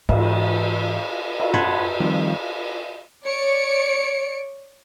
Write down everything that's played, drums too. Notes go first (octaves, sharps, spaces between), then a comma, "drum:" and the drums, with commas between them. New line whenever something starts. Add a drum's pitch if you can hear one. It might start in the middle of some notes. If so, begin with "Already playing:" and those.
G#2 E3, drum: cymbal
drum: cymbal
F#5 A5 B5 C6 G#6, drum: tom
D#3 F3 G3 C4 F4
C#5 D5 C#7 D7